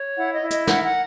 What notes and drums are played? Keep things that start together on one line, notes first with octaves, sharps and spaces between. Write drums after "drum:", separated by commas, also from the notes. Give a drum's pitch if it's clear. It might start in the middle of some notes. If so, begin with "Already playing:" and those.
Already playing: C#5
E4 F#5
D#5
E4
D#5, drum: hi-hat
A#4 F#5, drum: snare
F#5